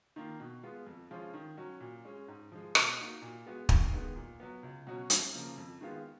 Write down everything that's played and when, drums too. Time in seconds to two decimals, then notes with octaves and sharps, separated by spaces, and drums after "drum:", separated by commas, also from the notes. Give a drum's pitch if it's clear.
0.16 D#3 A#3 F4
0.40 B2
0.63 G#3 B3 F4
0.87 F2
1.11 F3 G#3 C#4 F4
1.34 D#3
1.57 F#3 C#4 F#4
1.80 A#2
2.05 G#3 C#4
2.28 G#2
2.52 F3 G#3
2.75 B2, drum: rim click
2.98 A#3 D#4 F#4
3.22 A#2
3.46 G#3 B3 F#4
3.69 D#2, drum: kick
3.93 D#3 G#3 B3
4.16 A#2
4.40 F#3 B3
4.63 C#2
4.87 B2 F#3 C#4 F#4
5.10 F#2, drum: hi-hat
5.34 C#3 F3 A#3
5.57 F2
5.81 D#3 G#3 B3 F4